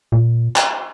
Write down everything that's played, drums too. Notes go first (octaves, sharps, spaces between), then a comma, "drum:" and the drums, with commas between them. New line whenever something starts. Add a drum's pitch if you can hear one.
A#2
drum: clap